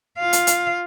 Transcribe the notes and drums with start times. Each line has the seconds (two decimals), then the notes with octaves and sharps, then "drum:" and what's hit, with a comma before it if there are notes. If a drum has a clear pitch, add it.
0.18 F4 F5
0.33 drum: hi-hat
0.47 drum: hi-hat